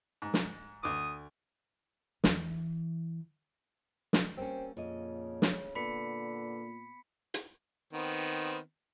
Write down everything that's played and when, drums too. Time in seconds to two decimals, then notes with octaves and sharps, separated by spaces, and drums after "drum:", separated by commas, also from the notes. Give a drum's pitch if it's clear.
0.22 G#2
0.34 drum: snare
0.83 D2 D6 D#6
2.24 E2 E3, drum: snare
4.13 drum: snare
4.37 G3 A#3 C4 C#4
4.77 F2 A#2 C#3 D#5
5.42 drum: snare
5.75 A#2 D3 B3 B5 B6 C#7
7.34 drum: hi-hat
7.93 D#3 B3 C4